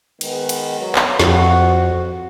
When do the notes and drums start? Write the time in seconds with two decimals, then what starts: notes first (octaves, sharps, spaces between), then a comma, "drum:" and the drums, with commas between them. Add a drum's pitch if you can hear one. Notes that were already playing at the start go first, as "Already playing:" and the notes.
0.21 D#3 G#3 B3, drum: cymbal
0.49 drum: cymbal
0.79 F#3 B3
0.95 drum: clap
1.20 F2 F#4, drum: snare